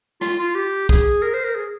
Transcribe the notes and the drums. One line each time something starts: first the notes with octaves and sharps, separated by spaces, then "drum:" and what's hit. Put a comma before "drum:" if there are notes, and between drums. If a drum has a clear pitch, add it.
F4, drum: rim click
F4
G4
G#4, drum: kick
A#4
C5
A#4
G#4